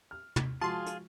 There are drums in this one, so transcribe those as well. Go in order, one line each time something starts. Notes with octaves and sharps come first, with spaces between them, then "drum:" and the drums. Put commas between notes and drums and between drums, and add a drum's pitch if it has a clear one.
F6
drum: tom
F3 G#3 F4 F#4 G#4 A5 C6
drum: hi-hat